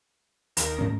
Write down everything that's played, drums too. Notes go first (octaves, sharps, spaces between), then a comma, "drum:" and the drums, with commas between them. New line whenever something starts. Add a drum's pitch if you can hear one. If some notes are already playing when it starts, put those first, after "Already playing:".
D#2 A#4, drum: hi-hat
G#2 C#4